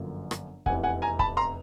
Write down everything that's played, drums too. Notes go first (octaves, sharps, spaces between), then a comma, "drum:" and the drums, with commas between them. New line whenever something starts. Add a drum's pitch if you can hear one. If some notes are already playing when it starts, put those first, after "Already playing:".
Already playing: G1 F#2 D3 F3 A#3
drum: rim click
F1 E2 C3 F#5 G#5, drum: kick C#1
F#5 G#5
G#5 A#5
A5 B5, drum: kick C#1
A#5 C6